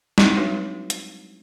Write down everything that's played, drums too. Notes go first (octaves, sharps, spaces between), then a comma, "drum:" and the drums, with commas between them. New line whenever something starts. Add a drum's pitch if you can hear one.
G3 G#3 C4 D#4 E4, drum: snare
F#3 G3 D4 F#4 B4 C#5
drum: hi-hat